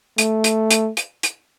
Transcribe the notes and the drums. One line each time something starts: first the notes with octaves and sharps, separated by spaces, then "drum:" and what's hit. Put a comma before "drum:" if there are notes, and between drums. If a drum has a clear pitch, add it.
A3, drum: hi-hat
drum: hi-hat
drum: hi-hat
drum: hi-hat
drum: hi-hat